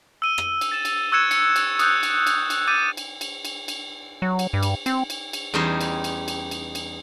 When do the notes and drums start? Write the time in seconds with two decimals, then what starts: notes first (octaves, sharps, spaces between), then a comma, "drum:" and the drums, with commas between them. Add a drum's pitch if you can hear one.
0.22 E6 D#7 G7
0.38 drum: rim click
0.61 drum: cymbal
0.72 A6 E7
0.85 drum: cymbal
1.12 C#6 E6 F#6 G#6 C#7 E7
1.31 C#7, drum: cymbal
1.56 drum: cymbal
1.79 D#6 F#6 G6, drum: cymbal
2.03 drum: cymbal
2.27 drum: cymbal
2.50 drum: cymbal
2.67 D6 G6 A6 D#7
2.97 drum: cymbal
3.21 drum: cymbal
3.45 drum: cymbal
3.68 drum: cymbal
4.22 F#3
4.39 drum: cymbal
4.53 G2
4.63 drum: cymbal
4.86 C4, drum: cymbal
5.10 drum: cymbal
5.33 drum: cymbal
5.54 E2 G3 C#4 D#4 C5
5.81 drum: cymbal
6.04 drum: cymbal
6.28 drum: cymbal
6.51 drum: cymbal
6.75 drum: cymbal